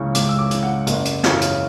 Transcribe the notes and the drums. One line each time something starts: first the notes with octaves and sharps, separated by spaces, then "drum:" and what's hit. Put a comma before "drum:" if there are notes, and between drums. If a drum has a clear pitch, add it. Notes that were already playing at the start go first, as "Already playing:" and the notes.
Already playing: C#2 C#3 E3 C#6
C#2 D6, drum: hi-hat
E6
D6
C#3 E3, drum: hi-hat
F#5
F#1, drum: hi-hat
drum: hi-hat
F#2 C#3 E3, drum: snare
drum: hi-hat